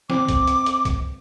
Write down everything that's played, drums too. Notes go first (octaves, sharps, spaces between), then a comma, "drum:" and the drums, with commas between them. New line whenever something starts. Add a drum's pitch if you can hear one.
C4 D6, drum: snare
drum: kick, hi-hat
drum: hi-hat
drum: hi-hat
drum: kick, hi-hat